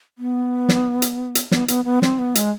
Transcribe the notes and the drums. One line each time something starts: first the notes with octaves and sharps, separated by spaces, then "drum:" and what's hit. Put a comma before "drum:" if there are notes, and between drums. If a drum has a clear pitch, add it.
B3
drum: snare
drum: hi-hat
drum: hi-hat
B3, drum: snare
B3, drum: hi-hat
B3
C4, drum: snare
B3
G#3, drum: hi-hat